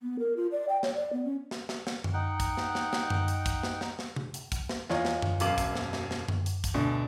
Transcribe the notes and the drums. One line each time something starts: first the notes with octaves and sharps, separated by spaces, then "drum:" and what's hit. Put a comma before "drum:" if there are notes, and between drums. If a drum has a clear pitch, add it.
B3
A#4
F4
D5
G5
C#5, drum: snare
D5
B3
C#4
drum: snare
drum: snare
drum: snare
drum: tom F#2
D#4 F#5 G5
drum: kick, hi-hat
drum: snare
drum: snare
drum: snare
drum: tom F#2
drum: hi-hat
drum: kick, hi-hat
drum: snare
drum: snare
drum: snare
drum: tom C3
drum: hi-hat
drum: kick, hi-hat
drum: snare
E2 F4 C#5 D#5, drum: snare
drum: snare
drum: tom F#2
E1 F#2 F5 D6 F#7, drum: hi-hat
drum: kick, hi-hat
drum: snare
drum: snare
drum: snare
drum: tom F#2
drum: hi-hat
drum: kick, hi-hat
D2 B2 D4